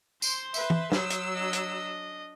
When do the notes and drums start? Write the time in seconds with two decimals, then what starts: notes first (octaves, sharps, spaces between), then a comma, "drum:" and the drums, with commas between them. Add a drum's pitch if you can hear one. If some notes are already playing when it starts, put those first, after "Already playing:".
0.22 C5 C6, drum: tambourine
0.54 B4 E5, drum: tambourine
0.70 drum: tom E3
0.92 F#3 C5 D#6 E6, drum: snare
1.10 drum: hi-hat
1.34 D4 D#5
1.53 drum: hi-hat